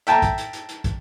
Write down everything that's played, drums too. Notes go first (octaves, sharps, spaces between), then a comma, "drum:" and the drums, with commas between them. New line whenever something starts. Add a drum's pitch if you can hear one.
E5 G5 A5 A#5, drum: hi-hat
drum: kick, hi-hat
drum: hi-hat
drum: hi-hat
drum: hi-hat
drum: kick, hi-hat